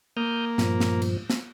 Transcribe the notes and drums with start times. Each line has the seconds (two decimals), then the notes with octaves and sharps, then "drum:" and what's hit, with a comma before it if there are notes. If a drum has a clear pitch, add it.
0.17 A#3 D#6 F6 G6
0.58 G2 A#2 F3, drum: snare
0.80 drum: snare
1.02 drum: cymbal
1.30 drum: snare